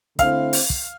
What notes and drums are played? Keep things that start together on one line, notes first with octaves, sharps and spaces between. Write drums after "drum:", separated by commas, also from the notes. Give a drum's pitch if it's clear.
D3 A3 C4 E4 F5 F6, drum: kick, hi-hat
drum: open hi-hat
drum: kick